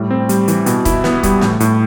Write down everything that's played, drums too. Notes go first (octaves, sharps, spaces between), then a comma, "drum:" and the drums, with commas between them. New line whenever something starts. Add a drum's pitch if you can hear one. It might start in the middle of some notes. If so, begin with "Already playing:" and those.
Already playing: A2 G3
C4
G3, drum: hi-hat
E3, drum: hi-hat
B2, drum: hi-hat
E4, drum: kick, hi-hat
B3, drum: snare
G3, drum: kick, hi-hat
A2, drum: snare
A2, drum: hi-hat